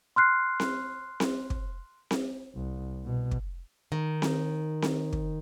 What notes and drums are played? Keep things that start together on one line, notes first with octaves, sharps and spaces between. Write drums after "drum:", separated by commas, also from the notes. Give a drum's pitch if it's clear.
C6 F6 F#6 C7
drum: snare C4
drum: snare C4
drum: kick
drum: snare C4
C2
B2
drum: kick
D#3
drum: snare C4
drum: snare C4
drum: kick